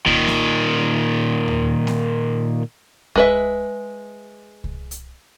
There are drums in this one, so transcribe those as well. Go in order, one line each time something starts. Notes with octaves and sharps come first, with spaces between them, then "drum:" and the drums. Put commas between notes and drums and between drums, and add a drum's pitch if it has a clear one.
A#2 D#3, drum: kick C2
drum: snare A#3
drum: tom D#2
drum: snare A#3
G#3 B4 E5, drum: kick C2
drum: kick C2
drum: hi-hat